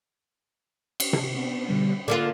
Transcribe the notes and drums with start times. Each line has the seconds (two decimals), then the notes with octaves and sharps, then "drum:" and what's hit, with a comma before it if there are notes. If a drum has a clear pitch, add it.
1.00 drum: cymbal
1.13 drum: tom C3
1.34 B3 C4 D4
1.69 B2 D3 G3
2.08 D3 A#3 F4 F#5